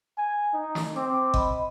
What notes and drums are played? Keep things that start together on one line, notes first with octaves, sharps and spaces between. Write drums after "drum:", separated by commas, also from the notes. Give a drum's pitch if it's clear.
G#5
D#4
drum: snare
C4 D6
D#5 B5, drum: kick G1